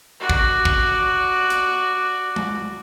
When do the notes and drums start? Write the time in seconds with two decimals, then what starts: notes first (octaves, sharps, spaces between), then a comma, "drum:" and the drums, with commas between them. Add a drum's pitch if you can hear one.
0.20 F#4 D5
0.30 drum: kick
0.65 drum: kick
1.50 drum: hi-hat
2.36 drum: tom G#3